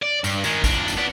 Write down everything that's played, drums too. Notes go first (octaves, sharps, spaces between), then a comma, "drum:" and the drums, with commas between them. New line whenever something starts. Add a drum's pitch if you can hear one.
D5
G2, drum: tambourine
D#3 G#3, drum: tambourine
F2 D4, drum: kick, tambourine
drum: tambourine
B3 D5